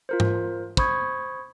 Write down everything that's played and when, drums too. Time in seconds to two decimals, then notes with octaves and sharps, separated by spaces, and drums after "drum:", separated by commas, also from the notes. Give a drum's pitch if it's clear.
0.09 F4 A#4 C5
0.20 drum: tom G#2
0.77 C5 B5 C#6 D#6 G#6, drum: kick